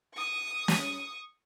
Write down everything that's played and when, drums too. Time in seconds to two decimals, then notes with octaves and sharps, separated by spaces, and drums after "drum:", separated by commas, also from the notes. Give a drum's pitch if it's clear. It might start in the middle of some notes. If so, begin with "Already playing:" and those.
0.14 C#6 D#6
0.68 drum: snare